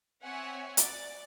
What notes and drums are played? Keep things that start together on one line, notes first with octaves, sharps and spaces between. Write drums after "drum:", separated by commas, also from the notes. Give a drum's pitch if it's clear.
C4 C#5 E5 F#5 G#5
D5, drum: hi-hat